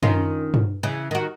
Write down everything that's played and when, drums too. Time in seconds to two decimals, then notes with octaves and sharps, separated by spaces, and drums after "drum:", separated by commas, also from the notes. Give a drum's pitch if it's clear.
0.03 D#3 C#4 F4, drum: tom F#2
0.54 drum: tom G2
0.83 C#3 E3
1.11 D#3 F#4